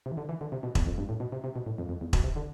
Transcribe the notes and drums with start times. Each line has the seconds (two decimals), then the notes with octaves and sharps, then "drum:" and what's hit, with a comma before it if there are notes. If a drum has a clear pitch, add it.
0.06 C3
0.12 E3
0.17 D3
0.29 E3
0.41 D3
0.52 C3
0.63 B2
0.75 E2, drum: kick E1
0.86 F2
0.98 G2
1.09 A2
1.20 B2
1.32 C3
1.44 C3
1.56 B2
1.66 A2
1.78 F2
1.89 F2
2.01 E2
2.13 B2, drum: kick E1
2.24 C3
2.36 D3